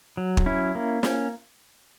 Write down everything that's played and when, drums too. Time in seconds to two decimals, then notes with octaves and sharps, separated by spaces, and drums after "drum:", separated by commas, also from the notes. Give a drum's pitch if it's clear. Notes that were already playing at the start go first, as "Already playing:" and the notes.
0.17 F#3
0.37 drum: kick
0.46 C#4 E4
0.75 A#3
1.03 C#4, drum: snare